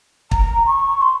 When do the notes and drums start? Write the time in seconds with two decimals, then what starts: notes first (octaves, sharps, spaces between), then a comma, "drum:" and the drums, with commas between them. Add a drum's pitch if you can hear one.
0.31 A#5, drum: kick
0.67 C#6
1.02 C6